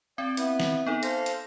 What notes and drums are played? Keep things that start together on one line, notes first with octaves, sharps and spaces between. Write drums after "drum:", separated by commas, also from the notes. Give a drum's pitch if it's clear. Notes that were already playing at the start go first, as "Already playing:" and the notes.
C4 D5 G5
B3 E4 B4, drum: hi-hat
drum: snare
B3 D#4 A4
A4 C5 F5 A#6, drum: hi-hat
drum: hi-hat